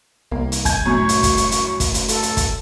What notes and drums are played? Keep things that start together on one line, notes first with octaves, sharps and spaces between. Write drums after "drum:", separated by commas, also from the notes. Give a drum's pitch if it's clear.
C2 A#3
drum: hi-hat
G#5 G6 G#6, drum: kick, hi-hat
F#2 A2 C#6 G#6
drum: hi-hat
drum: kick, hi-hat
drum: hi-hat
drum: hi-hat
drum: kick, hi-hat
drum: hi-hat
A4, drum: hi-hat
drum: hi-hat
drum: kick, hi-hat